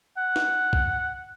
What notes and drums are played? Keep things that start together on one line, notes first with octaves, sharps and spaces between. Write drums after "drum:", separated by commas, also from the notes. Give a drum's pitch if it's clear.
F#5
drum: snare
drum: kick B1